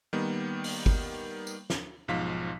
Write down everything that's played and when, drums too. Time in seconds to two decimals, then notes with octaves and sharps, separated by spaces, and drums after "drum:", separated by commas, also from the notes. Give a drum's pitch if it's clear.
0.13 D#3 G3 A#3 B3
0.64 drum: open hi-hat
0.86 drum: kick
1.47 drum: tambourine
1.70 drum: snare
2.08 B1 G#2 F3 F5 B6